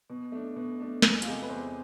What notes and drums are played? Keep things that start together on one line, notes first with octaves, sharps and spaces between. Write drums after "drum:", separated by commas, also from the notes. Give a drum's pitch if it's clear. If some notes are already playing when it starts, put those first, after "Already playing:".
B2
A3 D4
B2
A3 D4
E2, drum: snare
F4, drum: hi-hat
C3 G#3 G#4
A4
B4
E2 C5